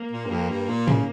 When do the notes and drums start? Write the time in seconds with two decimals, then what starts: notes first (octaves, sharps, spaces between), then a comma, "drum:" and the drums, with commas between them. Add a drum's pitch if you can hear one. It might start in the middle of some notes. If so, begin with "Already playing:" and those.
Already playing: A#3
0.12 A#2
0.25 G2
0.31 F2
0.50 G2
0.69 A#2
0.88 C#3, drum: tom